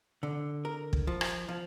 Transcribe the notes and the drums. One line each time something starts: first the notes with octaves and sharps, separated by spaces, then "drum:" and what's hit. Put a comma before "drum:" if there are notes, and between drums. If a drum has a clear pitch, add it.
D3
A#4
drum: kick
F3
drum: rim click
F3